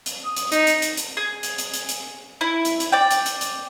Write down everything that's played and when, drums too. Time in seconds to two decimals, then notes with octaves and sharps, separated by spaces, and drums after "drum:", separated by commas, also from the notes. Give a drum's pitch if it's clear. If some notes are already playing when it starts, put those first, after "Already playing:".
0.06 drum: hi-hat
0.25 D#6
0.36 drum: hi-hat
0.52 D#4, drum: hi-hat
0.67 drum: hi-hat
0.82 drum: hi-hat
0.97 drum: hi-hat
1.17 G#4
1.43 drum: hi-hat
1.58 drum: hi-hat
1.74 drum: hi-hat
1.89 drum: hi-hat
2.41 E4
2.65 drum: hi-hat
2.80 drum: hi-hat
2.92 D5 G5
3.11 drum: hi-hat
3.26 drum: hi-hat
3.41 drum: hi-hat